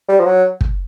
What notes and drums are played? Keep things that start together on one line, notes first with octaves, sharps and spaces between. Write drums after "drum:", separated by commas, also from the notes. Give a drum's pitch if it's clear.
G3
F3
F#3
drum: kick